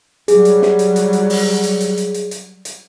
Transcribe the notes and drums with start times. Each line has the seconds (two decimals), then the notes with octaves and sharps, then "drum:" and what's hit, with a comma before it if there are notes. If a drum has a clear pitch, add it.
0.28 F#3 G3 G#4, drum: hi-hat
0.45 drum: hi-hat
0.62 drum: snare
0.79 drum: hi-hat
0.96 drum: hi-hat
1.13 drum: hi-hat
1.30 drum: open hi-hat
1.64 drum: hi-hat
1.80 drum: hi-hat
1.97 drum: hi-hat
2.14 drum: hi-hat
2.31 drum: hi-hat
2.65 drum: hi-hat